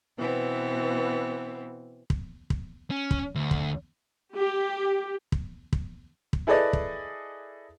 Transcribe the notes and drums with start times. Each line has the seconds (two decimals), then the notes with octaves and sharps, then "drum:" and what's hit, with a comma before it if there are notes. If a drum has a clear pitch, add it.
0.18 B2 E3 B3 C4
2.10 drum: kick
2.50 drum: kick
2.91 C#4
3.11 drum: kick
3.35 D2
3.51 drum: kick
4.37 G4
5.32 drum: kick
5.73 drum: kick
6.33 drum: kick
6.47 E4 G#4 A4 B4 D5 D#5
6.73 drum: kick